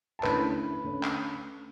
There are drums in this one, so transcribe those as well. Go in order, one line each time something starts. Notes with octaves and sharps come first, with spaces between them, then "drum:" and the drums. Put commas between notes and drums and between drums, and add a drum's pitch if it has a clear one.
A5
D3 A3 C#4 E4 B4 B5, drum: clap
D3 A3 C#4
drum: clap